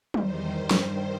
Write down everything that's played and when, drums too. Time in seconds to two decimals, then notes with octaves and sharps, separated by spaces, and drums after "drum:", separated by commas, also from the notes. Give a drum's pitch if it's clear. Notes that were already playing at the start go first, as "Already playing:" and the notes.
0.14 E2 D#3 G3 D#4 C5, drum: tom F#3
0.52 G2 D#3 G3
0.71 drum: snare